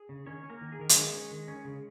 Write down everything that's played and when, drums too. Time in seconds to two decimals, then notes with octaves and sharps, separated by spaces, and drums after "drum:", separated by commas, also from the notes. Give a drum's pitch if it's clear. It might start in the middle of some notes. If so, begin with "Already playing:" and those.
Already playing: G#4
0.09 C#3
0.26 D#3 C#4 C#5
0.43 C#4
0.50 A#3 A#4
0.61 D#3
0.72 G#4
0.79 D#3 A#4
0.89 G#3 G#4, drum: hi-hat
0.96 D#3
1.14 C#4
1.31 D#3
1.48 C#4
1.65 C#3